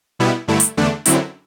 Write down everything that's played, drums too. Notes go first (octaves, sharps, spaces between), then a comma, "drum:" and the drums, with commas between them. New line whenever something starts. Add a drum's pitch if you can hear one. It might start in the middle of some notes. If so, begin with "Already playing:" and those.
B2 G3 B3 E4
G2 D3 A3 E4
drum: hi-hat
E2 D3 A3 D4
F#2 D3 F#3 C4 E4, drum: hi-hat